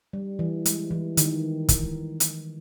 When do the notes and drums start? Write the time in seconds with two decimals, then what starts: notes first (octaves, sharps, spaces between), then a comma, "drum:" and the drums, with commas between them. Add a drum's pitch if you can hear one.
0.13 G3
0.39 E3
0.65 G#3, drum: hi-hat
0.91 E3
1.17 D#3, drum: hi-hat
1.69 drum: kick, hi-hat
2.20 drum: hi-hat